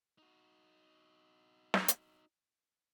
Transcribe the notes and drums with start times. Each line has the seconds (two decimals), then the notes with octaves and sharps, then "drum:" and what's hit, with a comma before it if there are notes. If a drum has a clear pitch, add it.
0.18 D#4 F#4
1.74 drum: snare
1.88 drum: hi-hat